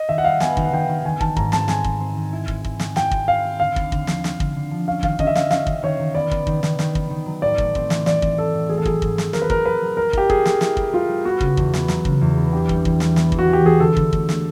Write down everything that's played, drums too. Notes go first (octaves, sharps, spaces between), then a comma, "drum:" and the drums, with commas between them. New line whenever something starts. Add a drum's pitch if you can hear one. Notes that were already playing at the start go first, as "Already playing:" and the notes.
Already playing: D#5
D#3 E5
F#5
G3 F5
B3 G#5, drum: snare
D#3, drum: kick
F#5
D#3 G5
D#3
D#3 G#5
D#3 A5, drum: kick
G#2 A#5, drum: kick
C4 A5, drum: snare
C4 G#5, drum: snare
C4, drum: kick
C4
D#3
E4
G#3, drum: kick
E4, drum: kick
D#3, drum: snare
E4 G5, drum: snare
C4, drum: kick
E4 F5
C4
D3 F5
D#2, drum: kick
D3, drum: kick
F3, drum: snare
D3, drum: snare
D3, drum: kick
D3
F3
C#4 F5
D#3 F5, drum: kick
C#4 D#5, drum: kick
E5
C#4 F5, drum: snare
C#4 F5, drum: snare
D#3, drum: kick
D#3 C#5
D#3
B3 D5
B3, drum: kick
D#3, drum: kick
D#3, drum: snare
D#3, drum: snare
B3, drum: kick
D#3
F#3
A2 D5
A3, drum: kick
C4, drum: kick
E3, drum: snare
E3 D5, drum: snare
C4, drum: kick
C4 A4
A2
A3 G#4
A4
F#3 G#4, drum: kick
G#2, drum: kick
F#3, drum: snare
D#3 A#4, drum: snare
B4
A3 A#4, drum: kick
F#3 B4
F#3
G3 A#4
E4 G4, drum: kick
G3 G#4, drum: kick
G3, drum: snare
E4, drum: snare
G3, drum: kick
G3 F4
G3
B3 F#4
C#3, drum: kick
E2, drum: kick
B3, drum: snare
F#3, drum: snare
C#3, drum: kick
E2
B3
D4 G4
G3, drum: kick
E3, drum: kick
G3, drum: snare
B3, drum: snare
E3, drum: kick
F#4
E3
G4
E3 G#4
D3 A4
D3, drum: kick
A3, drum: kick
A3, drum: snare